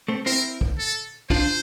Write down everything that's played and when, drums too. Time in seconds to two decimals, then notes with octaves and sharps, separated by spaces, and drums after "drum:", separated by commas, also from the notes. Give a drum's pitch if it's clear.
0.08 A3 C4
0.26 C4 E4 A#4
0.61 drum: kick
0.78 A4
1.30 D4 F4 C5, drum: kick